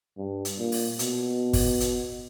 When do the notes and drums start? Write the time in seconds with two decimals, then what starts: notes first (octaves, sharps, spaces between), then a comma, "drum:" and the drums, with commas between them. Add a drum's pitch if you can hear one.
0.18 G2
0.45 drum: hi-hat
0.59 A#2
0.72 drum: open hi-hat
0.99 B2, drum: hi-hat
1.53 drum: kick G1, open hi-hat
1.80 drum: hi-hat